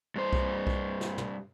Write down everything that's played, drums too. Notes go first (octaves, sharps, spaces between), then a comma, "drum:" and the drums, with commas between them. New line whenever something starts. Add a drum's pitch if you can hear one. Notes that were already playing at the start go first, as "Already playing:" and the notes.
G2 C5
drum: kick B1
drum: kick B1
drum: snare
drum: tom